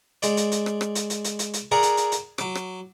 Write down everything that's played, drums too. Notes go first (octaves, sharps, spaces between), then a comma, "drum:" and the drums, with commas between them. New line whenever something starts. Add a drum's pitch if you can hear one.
G#3 D5, drum: hi-hat
drum: hi-hat
drum: hi-hat
drum: rim click
drum: rim click
drum: hi-hat
drum: hi-hat
drum: hi-hat
drum: hi-hat
drum: hi-hat
G#4 A#4 D5 F#5 G#5 A#5
drum: hi-hat
drum: hi-hat
drum: hi-hat
F#3 D6, drum: rim click
drum: rim click